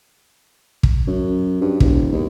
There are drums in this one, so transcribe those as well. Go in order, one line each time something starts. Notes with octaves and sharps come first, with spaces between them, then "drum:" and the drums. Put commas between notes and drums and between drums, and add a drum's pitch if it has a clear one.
drum: kick
F#2
G2
E1, drum: kick
D#2